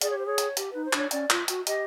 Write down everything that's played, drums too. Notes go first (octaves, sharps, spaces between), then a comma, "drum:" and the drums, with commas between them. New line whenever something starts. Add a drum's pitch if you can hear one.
G#4 D5, drum: hi-hat
C#5
G4 C5
G#4 C#5
drum: hi-hat
G4, drum: hi-hat
D#4 B4
C5
D4 C#5, drum: clap
C#4 D5, drum: hi-hat
F4, drum: clap
F#4, drum: hi-hat
G4 D#5, drum: hi-hat